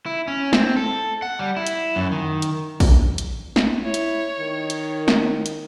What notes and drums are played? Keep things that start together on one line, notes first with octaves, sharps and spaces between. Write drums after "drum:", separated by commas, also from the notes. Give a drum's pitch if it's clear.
E4
C#4
C4, drum: snare
A4
F#5
G3
E4
drum: hi-hat
F#2
D#3
drum: hi-hat
drum: kick, open hi-hat
drum: hi-hat
drum: snare
E4 C#5
drum: hi-hat
D#3
drum: hi-hat
drum: snare
drum: hi-hat